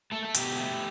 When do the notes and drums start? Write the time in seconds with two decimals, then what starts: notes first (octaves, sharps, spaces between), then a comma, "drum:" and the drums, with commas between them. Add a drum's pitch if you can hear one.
0.12 A3 A4
0.25 A4
0.35 B2 G4, drum: hi-hat
0.58 A3